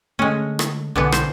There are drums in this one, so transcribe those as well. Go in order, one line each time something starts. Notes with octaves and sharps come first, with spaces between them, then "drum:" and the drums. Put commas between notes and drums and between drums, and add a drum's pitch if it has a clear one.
D3 G#3 A3 C#4
drum: rim click
B1 D3 E3 B3
C5, drum: rim click